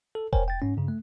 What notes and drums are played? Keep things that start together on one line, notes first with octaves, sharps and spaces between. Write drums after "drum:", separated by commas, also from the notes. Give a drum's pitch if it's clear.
A4
A#4 C5 C#5 G5 G#5, drum: kick E1
G5 A6
G#2 C#4
G2 C#3
A3